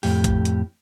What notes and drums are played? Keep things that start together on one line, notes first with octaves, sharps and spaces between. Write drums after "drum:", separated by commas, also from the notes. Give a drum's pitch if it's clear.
F2 A2 G4, drum: open hi-hat
drum: kick A1, hi-hat
drum: hi-hat